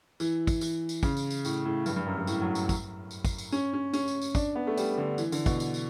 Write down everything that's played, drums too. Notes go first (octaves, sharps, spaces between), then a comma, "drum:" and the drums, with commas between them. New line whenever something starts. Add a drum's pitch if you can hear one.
E3, drum: tambourine
drum: kick, tambourine
E3, drum: tambourine
drum: tambourine
C#3, drum: kick, tambourine
drum: tambourine
drum: tambourine
A2, drum: tambourine
A2
G2, drum: tambourine
G2
F#2
G2
A2, drum: tambourine
F#3
drum: tambourine
drum: kick, tambourine
drum: tambourine
drum: kick, tambourine
drum: tambourine
C#4, drum: tambourine
C#4
C#4, drum: tambourine
drum: tambourine
drum: tambourine
D4, drum: kick, tambourine
B3
A3
G3, drum: tambourine
D3
E3, drum: tambourine
D3, drum: tambourine
B2, drum: kick, tambourine
drum: tambourine
drum: tambourine